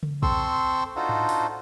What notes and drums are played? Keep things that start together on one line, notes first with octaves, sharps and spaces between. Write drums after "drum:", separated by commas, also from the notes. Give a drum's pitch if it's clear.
drum: tom C#3
C4 A4 C5 C6 C#6 E6, drum: kick
D4 D#4 F4 F#4 A4 C5
drum: tom G#2
drum: open hi-hat